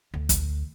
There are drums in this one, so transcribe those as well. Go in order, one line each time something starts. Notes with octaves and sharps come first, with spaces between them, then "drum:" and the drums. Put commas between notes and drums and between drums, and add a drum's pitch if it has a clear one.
D2
drum: kick, hi-hat